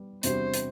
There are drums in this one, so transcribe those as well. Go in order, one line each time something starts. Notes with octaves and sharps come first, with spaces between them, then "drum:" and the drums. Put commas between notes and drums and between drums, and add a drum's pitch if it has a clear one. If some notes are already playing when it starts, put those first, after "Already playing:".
Already playing: G3 B3
E2 C3 G3 D4 F#4 C5, drum: hi-hat
drum: hi-hat